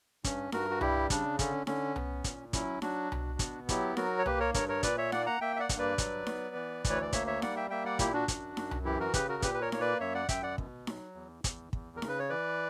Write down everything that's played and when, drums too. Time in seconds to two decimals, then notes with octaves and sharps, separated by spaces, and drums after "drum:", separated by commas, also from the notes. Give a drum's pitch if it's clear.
0.24 G2 C#4, drum: kick, hi-hat
0.52 G2 F#4 A#4, drum: snare D#4
0.70 F#4
0.81 G3 E4 G4, drum: tom C2
1.10 C#3 D4, drum: kick, hi-hat
1.39 D3 C#4, drum: kick, hi-hat
1.67 D3 C#4, drum: snare D#4
1.96 B3, drum: tom C2
2.24 A#2, drum: kick, hi-hat
2.53 F#3 C#4 E4, drum: kick, hi-hat
2.82 F#3 D4 F#4, drum: snare D#4
3.12 B2, drum: tom C2
3.39 B3, drum: kick, hi-hat
3.69 F#3 E4 G4, drum: kick, hi-hat
3.97 F#3 F#4 A#4, drum: snare D#4
4.19 C#5
4.26 A#3 G4 B4, drum: tom C2
4.40 A#4 C#5
4.54 G2 A#4 C#5, drum: kick, hi-hat
4.68 A#4 C#5
4.83 A#2 B4 D5, drum: kick, hi-hat
4.98 C#5 E5
5.12 A#3 D5 F#5, drum: snare D#4
5.26 F#5 A#5
5.41 A#3 E5 G5
5.56 E5
5.60 D5 F#5
5.69 G2, drum: kick, hi-hat
5.79 B4 D5
5.98 F#3, drum: kick, hi-hat
6.27 B3, drum: snare D#4
6.55 E3
6.85 D2, drum: kick, hi-hat
6.90 C#5
7.02 D5
7.13 A#3 C#5 E5, drum: kick, hi-hat
7.27 C#5 E5
7.42 G3 D5 F#5, drum: snare D#4
7.57 E5 G5
7.70 A#3 E5 G5
7.86 D5 F#5
7.99 A#2 E4 G4, drum: kick, hi-hat
8.13 D4 F#4
8.28 F#2, drum: kick, hi-hat
8.57 F#2, drum: snare D#4
8.71 drum: tom C2
8.85 E3 E4 G4
9.00 F#4 A#4
9.14 C#3 G4 B4, drum: kick, hi-hat
9.29 F#4 A#4
9.42 A#2 G4 B4, drum: kick, hi-hat
9.54 B4
9.62 A#4 C#5
9.72 A#3 C#5, drum: snare D#4
9.81 B4 D5
10.00 F#2 C#5 E5
10.14 D5 F#5
10.29 F#2 E5 G5, drum: kick, hi-hat
10.43 D5 F#5
10.58 B2, drum: kick
10.87 F#3, drum: snare D#4
11.15 E2
11.44 E2, drum: kick, hi-hat
11.73 E2, drum: kick
11.97 A#4
12.02 C#3, drum: snare D#4
12.08 B4
12.19 C#5
12.30 E3 B4 D5